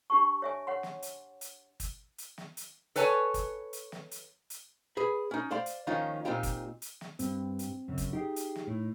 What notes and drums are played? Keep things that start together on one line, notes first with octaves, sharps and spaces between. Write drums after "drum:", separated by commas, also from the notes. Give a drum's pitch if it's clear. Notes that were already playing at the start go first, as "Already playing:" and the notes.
D4 G4 A5 C#6
C#5 E5 G#5
C#5 F#5 C6
drum: snare
drum: hi-hat
drum: hi-hat
drum: kick, hi-hat
drum: hi-hat
drum: snare
drum: hi-hat
A4 B4 C#5 G#5 A5, drum: hi-hat
drum: kick, hi-hat
drum: hi-hat
drum: snare
drum: hi-hat
drum: hi-hat
G#4 B4
C#4 D#4
C5 D5 F5 C6
drum: hi-hat
D#2 D#3 F3 C#4 D#4 F4
A#2 C4 D#4 F4 G4
drum: kick, hi-hat
drum: hi-hat
drum: snare
G2 C4, drum: hi-hat
drum: hi-hat
F#2 C#3
drum: kick, hi-hat
D#4 G4 G#4
drum: hi-hat
drum: snare
A2